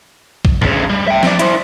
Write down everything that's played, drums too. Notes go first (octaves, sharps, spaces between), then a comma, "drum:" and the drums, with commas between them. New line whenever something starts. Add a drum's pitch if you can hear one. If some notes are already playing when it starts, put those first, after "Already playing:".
drum: kick
D2 C#3, drum: tom
G3
E5 G5
C4 D5, drum: snare
E4 C5, drum: hi-hat